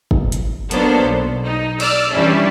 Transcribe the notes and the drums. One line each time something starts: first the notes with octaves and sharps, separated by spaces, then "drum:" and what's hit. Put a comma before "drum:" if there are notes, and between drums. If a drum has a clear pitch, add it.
drum: kick
drum: hi-hat
F#3 A#3 B3 D4 A4 C5, drum: hi-hat
B1
D#4
D5 E6 F6, drum: cymbal
E3 F3 G3 C#4 D4 E4